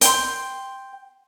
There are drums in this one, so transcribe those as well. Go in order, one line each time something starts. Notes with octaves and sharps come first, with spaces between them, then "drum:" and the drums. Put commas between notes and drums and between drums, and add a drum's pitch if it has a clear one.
G5 C6, drum: hi-hat